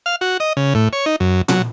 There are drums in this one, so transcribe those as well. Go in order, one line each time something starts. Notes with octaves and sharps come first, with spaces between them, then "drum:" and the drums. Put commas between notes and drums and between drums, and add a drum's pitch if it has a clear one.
F5
F#4
D#5
C#3
A2
C#5
D#4
F#2
F#3, drum: tom A#2